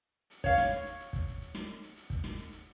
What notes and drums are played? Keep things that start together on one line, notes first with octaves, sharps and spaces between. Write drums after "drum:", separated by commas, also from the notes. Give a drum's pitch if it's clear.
drum: hi-hat
C#5 F5, drum: kick, hi-hat
drum: snare
drum: hi-hat
drum: hi-hat
drum: hi-hat
drum: kick, hi-hat
drum: hi-hat
drum: hi-hat
drum: snare
drum: hi-hat
drum: hi-hat
drum: kick, hi-hat
drum: snare
drum: hi-hat
drum: hi-hat